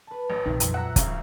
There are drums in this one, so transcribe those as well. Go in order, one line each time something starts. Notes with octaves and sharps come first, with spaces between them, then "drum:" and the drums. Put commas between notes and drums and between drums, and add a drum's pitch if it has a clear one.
B4 A5
A1
A#1 C3 D#3 E3
F2 F#3, drum: hi-hat
E5 F#5 A#5
G1 G#2 C#3, drum: kick, hi-hat